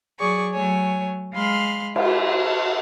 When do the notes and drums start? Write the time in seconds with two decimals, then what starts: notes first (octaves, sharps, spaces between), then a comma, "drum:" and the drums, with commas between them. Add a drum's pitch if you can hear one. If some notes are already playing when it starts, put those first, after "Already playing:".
0.19 F#3 G#4 D5 C#6
0.53 F#3 A3 C#5 G#5
1.33 G#3 F5 B5 C6 F6
1.96 E4 F4, drum: cymbal
2.43 A4